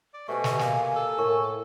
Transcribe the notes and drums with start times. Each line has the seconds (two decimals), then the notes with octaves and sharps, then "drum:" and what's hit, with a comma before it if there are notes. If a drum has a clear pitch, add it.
0.14 D5
0.28 B2 A3 G4 C5 G#5 C#6
0.44 drum: snare
0.59 A#3, drum: snare
0.96 A4
1.18 A2 A#4 C#6